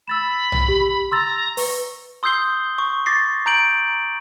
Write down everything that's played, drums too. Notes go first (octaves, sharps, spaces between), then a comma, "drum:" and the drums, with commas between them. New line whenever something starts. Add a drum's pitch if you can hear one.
B5 E6 A6 E7
drum: tom B1
G4
A#5 C6 E6 A6
B4 C#6, drum: open hi-hat
C6 D#6 E6 G6 C7 G7
C#6
D6 A6 A#6 C7
A#5 G6 D7 F#7